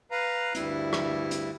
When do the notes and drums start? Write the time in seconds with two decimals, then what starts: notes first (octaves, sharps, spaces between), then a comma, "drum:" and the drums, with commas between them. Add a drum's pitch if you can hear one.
0.11 B4 F5 A#5
0.55 D2 G2 G3 E4, drum: hi-hat
0.93 drum: rim click
1.31 drum: hi-hat